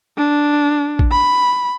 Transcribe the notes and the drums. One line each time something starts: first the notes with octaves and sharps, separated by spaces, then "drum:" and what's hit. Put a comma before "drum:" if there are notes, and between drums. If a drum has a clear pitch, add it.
D4
drum: kick A1
B5